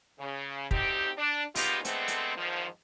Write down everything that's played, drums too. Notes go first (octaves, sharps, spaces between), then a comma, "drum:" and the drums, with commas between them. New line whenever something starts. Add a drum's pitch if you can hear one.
C#3
D2 C4 D#4 G4, drum: kick
D4
A#2 G#3 B3 D#4 F4 G4, drum: open hi-hat
D3 G#3 A3 B3 C4, drum: hi-hat
drum: hi-hat
E2 G#2 D#3 F3